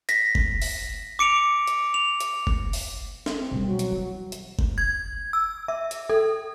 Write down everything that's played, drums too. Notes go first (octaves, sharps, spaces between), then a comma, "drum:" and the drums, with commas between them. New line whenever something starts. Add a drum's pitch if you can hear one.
A#6 B6, drum: hi-hat
drum: kick F#1
drum: open hi-hat
D6 C#7 D7 F7
drum: hi-hat
F7
drum: hi-hat
drum: kick F#1
drum: open hi-hat
drum: snare
C4
B2 G3
F#3
drum: hi-hat
E3
drum: hi-hat
drum: kick F#1
G#6
E6
E5
drum: hi-hat
A4